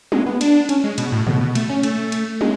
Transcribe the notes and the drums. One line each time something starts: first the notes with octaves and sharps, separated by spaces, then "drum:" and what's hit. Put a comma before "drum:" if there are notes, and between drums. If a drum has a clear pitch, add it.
G#3, drum: tom
B3
D4, drum: cymbal
C#4, drum: cymbal
G#3
B2, drum: cymbal
A2
B2, drum: tom
B2
A3, drum: cymbal
C#4
A3, drum: cymbal
drum: cymbal
G#3, drum: tom